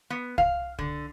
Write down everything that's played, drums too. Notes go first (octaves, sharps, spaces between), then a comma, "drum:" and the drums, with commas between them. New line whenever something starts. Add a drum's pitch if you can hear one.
B3
F5, drum: kick C2
D3, drum: kick C2